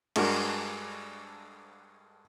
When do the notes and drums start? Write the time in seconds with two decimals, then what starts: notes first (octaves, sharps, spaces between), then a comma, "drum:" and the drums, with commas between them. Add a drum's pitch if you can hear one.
0.16 G2 G#3 D4 F#4 A#4, drum: cymbal